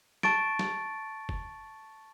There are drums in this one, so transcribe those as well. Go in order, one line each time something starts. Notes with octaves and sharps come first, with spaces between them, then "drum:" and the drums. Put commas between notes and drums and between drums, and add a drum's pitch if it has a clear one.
A5 C#6 A6 D7, drum: snare
drum: snare
drum: kick F#1